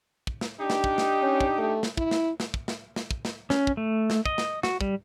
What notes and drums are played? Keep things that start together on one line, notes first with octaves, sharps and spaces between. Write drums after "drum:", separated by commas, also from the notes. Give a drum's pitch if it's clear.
drum: kick
drum: snare
D4 D#4 G4
drum: snare
drum: kick
drum: snare
C#4
drum: kick
A3
drum: snare
E4, drum: kick
drum: snare
drum: snare
drum: kick
drum: snare
drum: snare
drum: kick
drum: snare
C#4, drum: snare
drum: kick
A3
drum: snare
D#5, drum: kick
drum: snare
F#4, drum: snare
G3, drum: kick